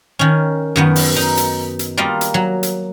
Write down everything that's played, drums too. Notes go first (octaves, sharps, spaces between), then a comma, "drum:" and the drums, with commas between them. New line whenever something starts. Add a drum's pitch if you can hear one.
D#3 C#4
F#2 D#3 B3
drum: open hi-hat
D#4
drum: hi-hat
drum: hi-hat
G3 A#3 F4 D#5
drum: hi-hat
F#3
drum: hi-hat